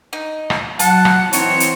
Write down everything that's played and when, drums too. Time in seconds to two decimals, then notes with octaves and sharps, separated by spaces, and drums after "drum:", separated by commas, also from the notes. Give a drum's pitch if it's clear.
0.13 D#4
0.50 drum: rim click
0.79 F#3 F#5 A5, drum: hi-hat
1.05 drum: rim click
1.33 E3 C4 D#4 F#4 C#5, drum: hi-hat
1.60 drum: hi-hat